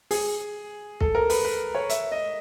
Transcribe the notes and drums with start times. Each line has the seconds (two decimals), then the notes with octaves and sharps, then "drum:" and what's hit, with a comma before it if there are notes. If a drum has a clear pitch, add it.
0.11 G#4, drum: open hi-hat
1.00 A4, drum: kick
1.15 A#4
1.30 B4, drum: open hi-hat
1.45 B4
1.75 C#5
1.89 E5, drum: hi-hat
2.12 D#5